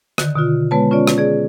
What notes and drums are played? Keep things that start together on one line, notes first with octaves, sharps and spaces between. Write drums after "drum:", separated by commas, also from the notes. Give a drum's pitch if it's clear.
D3 D#3, drum: rim click
B2 D3 F4
G#3 B3 B4 C#5 A5
C#4 F4 C#5 D5
drum: rim click
G#4 D5